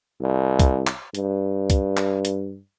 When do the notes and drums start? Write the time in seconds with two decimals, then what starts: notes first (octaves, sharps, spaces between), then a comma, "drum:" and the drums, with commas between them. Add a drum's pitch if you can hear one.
0.21 C2
0.59 drum: kick C2, hi-hat
0.87 drum: clap
1.15 G2, drum: hi-hat
1.70 drum: kick C2, hi-hat
1.97 drum: clap
2.25 drum: hi-hat